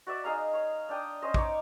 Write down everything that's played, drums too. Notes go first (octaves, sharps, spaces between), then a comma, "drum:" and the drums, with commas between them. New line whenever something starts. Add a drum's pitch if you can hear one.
F#4 D5 E5
D#4 G#4 F5 A#5
C#5
D4 G5 D#6
C#4 C5 D#5
D#4 C#5 D6, drum: kick